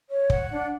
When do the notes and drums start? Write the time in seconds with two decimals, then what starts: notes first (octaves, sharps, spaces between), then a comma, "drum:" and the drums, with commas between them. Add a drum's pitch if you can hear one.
0.09 C#5
0.30 F#5, drum: kick
0.50 D4